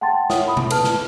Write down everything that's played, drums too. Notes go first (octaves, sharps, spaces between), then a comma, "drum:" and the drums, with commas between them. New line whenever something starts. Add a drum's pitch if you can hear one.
F#5 G5 A5 C6 A6
C#5 E5 F#5 D#6, drum: snare
B5 D#6
drum: tom B2
A4 B4 A5 F6, drum: cymbal
drum: snare